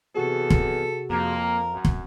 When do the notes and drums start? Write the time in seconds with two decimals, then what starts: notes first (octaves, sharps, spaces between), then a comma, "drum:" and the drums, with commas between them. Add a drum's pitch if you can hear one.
0.15 E2 C3 F#4 G#4 A4
0.50 drum: kick
1.10 F2 A#3 A#4
1.73 F#2
1.85 drum: kick